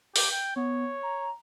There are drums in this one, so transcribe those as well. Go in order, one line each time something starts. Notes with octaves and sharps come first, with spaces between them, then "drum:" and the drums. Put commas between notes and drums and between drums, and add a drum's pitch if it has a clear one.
G4, drum: open hi-hat
G5
B3 C#5
A#5